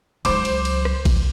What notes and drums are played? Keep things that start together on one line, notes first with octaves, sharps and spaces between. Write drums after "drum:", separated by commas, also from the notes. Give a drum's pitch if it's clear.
C#2 F#3 C5 D6, drum: cymbal
drum: cymbal
drum: cymbal
drum: rim click
drum: kick A1, cymbal